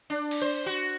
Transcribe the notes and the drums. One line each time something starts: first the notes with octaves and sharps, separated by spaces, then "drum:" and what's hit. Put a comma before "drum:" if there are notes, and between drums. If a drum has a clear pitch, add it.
D4
drum: cymbal
C5
F#4